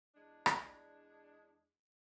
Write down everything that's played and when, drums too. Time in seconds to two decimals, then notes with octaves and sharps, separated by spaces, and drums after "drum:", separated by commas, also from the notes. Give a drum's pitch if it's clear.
0.15 E2 G#3 D4
0.46 drum: rim click